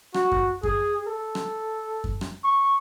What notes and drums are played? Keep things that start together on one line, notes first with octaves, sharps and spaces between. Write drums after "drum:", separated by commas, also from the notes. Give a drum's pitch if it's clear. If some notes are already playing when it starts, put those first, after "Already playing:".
F#4, drum: rim click
drum: kick F#2
G#4, drum: kick F#2
A4
drum: rim click
drum: kick F#2
drum: rim click
C#6